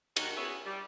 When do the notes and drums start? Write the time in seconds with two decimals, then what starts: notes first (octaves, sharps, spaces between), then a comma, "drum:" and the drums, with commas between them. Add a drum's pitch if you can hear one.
0.16 D#2 F#3 F#4 A#4 D#5 F#5, drum: cymbal
0.37 B3 C#4 E4 F#4 G#4
0.66 G3